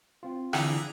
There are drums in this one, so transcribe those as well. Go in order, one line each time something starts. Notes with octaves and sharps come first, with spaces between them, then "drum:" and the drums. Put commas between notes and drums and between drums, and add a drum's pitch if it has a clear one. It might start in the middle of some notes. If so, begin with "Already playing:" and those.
C4 F4
D3 E3 G#4 A#5, drum: rim click